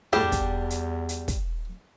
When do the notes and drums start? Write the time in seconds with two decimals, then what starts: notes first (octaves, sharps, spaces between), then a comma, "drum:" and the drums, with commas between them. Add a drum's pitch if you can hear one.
0.13 E2 A2 G3 D4 G4 G#4
0.32 drum: kick, hi-hat
0.70 drum: hi-hat
1.09 drum: hi-hat
1.28 drum: kick, hi-hat